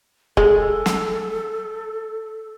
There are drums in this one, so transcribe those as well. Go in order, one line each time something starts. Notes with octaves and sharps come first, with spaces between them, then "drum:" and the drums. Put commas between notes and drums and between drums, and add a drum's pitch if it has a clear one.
G#3 A4, drum: kick E1
drum: snare